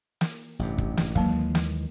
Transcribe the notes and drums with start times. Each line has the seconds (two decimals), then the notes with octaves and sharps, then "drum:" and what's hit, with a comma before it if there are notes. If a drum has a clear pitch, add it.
0.21 drum: snare
0.59 A1 G2 C3
0.78 drum: kick
0.97 drum: snare
1.15 D#2 E3 F#3 G#3 A#3, drum: kick
1.55 drum: snare